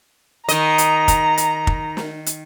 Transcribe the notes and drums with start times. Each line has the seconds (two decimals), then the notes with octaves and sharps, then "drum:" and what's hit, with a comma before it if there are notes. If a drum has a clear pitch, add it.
0.49 D#3 D#5 A#5, drum: hi-hat
0.78 drum: hi-hat
1.08 drum: kick, hi-hat
1.38 drum: hi-hat
1.67 drum: kick
1.97 drum: snare
2.26 drum: hi-hat